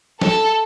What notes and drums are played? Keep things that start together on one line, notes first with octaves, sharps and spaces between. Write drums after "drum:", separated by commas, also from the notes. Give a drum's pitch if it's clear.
A4, drum: snare